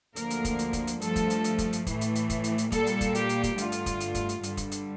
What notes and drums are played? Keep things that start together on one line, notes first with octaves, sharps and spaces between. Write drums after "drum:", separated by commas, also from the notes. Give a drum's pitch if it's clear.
D2 D3 F3 A#3 A#4, drum: hi-hat
drum: hi-hat
drum: kick, hi-hat
drum: hi-hat
drum: kick, hi-hat
drum: hi-hat
G2 F3 A3 A4, drum: hi-hat
drum: kick, hi-hat
drum: hi-hat
drum: hi-hat
drum: kick, hi-hat
drum: hi-hat
A2 E3 A3, drum: kick, hi-hat
drum: hi-hat
drum: hi-hat
drum: kick, hi-hat
drum: hi-hat
drum: hi-hat
A#2 G3 A#3 A4, drum: kick, hi-hat
drum: hi-hat
drum: kick, hi-hat
G4, drum: hi-hat
drum: hi-hat
drum: kick, hi-hat
G2 D3 A3 F4, drum: hi-hat
drum: hi-hat
drum: kick, hi-hat
drum: hi-hat
drum: kick, hi-hat
drum: hi-hat
G2 D3 G3, drum: hi-hat
drum: kick, hi-hat
drum: hi-hat